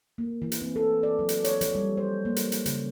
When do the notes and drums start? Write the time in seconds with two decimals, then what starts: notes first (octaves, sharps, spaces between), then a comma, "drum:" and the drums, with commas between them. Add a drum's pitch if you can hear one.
0.18 A#3
0.42 E3
0.52 drum: hi-hat
0.61 C4
0.76 A4
1.03 D5
1.19 F#3
1.29 drum: hi-hat
1.44 C#5, drum: hi-hat
1.61 F3, drum: hi-hat
1.75 G3
1.97 C5
2.25 A#3
2.36 drum: hi-hat
2.52 drum: hi-hat
2.66 C#3, drum: hi-hat